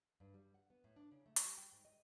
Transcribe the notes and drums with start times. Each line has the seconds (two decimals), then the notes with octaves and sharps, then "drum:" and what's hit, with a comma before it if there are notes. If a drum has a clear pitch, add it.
0.20 G2
0.34 G3
0.54 F#5
0.70 B3
0.84 A2
0.96 D4
1.12 C#3
1.26 A3
1.36 drum: hi-hat
1.45 G3
1.58 G5
1.72 G#2
1.85 D#5